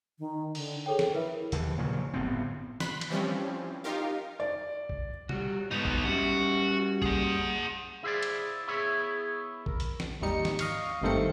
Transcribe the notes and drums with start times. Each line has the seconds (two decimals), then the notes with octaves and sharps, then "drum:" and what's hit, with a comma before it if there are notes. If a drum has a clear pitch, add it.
0.19 D#3
0.55 D3, drum: cymbal
0.86 G#4 A4 C#5 G5
0.99 drum: snare
1.13 E4 A#4 B4 E5
1.52 D#2 D3 E3 F3, drum: hi-hat
1.77 A#2 C#3 F3 F#3
2.14 G1 A2 B3 C4
2.80 B5 C6 F#6 B6, drum: snare
3.01 drum: cymbal
3.10 E3 F3 G3 C4 C#4
3.84 D#4 F4 G4 A#4 F5
4.40 D5
4.89 drum: kick A#1
5.29 G3 F#4, drum: tom
5.71 G#2 B3 D#4
5.85 drum: kick A#1
6.05 G3 C#4 F#4 E5
7.02 G#4 F#5, drum: kick A#1
8.03 E4 G#4 C5 D5
8.23 drum: cymbal
8.68 B3 E4 G#4 C#5
9.66 A#4, drum: kick A#1
9.80 drum: hi-hat
10.00 drum: snare
10.21 G#1 D#2 G3 D#4 C#7
10.45 drum: snare
10.59 D#5 F5 C#6, drum: cymbal
11.02 G#1 G2 D#3 A3 C4 C#7